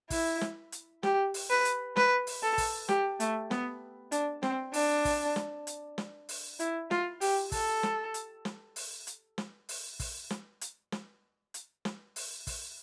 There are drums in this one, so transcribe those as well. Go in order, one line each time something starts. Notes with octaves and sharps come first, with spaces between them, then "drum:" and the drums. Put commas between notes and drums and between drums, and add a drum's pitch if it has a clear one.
E4, drum: kick, open hi-hat
drum: snare
drum: hi-hat
G4, drum: snare
drum: open hi-hat
B4
drum: hi-hat
B4, drum: snare
drum: open hi-hat
A4
drum: kick, open hi-hat
G4, drum: snare
A3, drum: hi-hat
B3, drum: snare
D4, drum: hi-hat
C4, drum: snare
D4, drum: open hi-hat
drum: kick, open hi-hat
drum: snare
drum: hi-hat
drum: snare
drum: open hi-hat
E4, drum: hi-hat
F4, drum: snare
G4, drum: open hi-hat
A4, drum: kick, open hi-hat
drum: snare
drum: hi-hat
drum: snare
drum: open hi-hat
drum: hi-hat
drum: snare
drum: open hi-hat
drum: kick, open hi-hat
drum: snare
drum: hi-hat
drum: snare
drum: hi-hat
drum: snare
drum: open hi-hat
drum: kick, open hi-hat